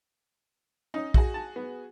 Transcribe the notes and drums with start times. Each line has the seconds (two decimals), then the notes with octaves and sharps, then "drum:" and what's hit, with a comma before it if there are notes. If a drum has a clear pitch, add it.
0.94 C#4 D#4
1.14 F#4 G#4, drum: kick A#1
1.34 A5
1.56 B3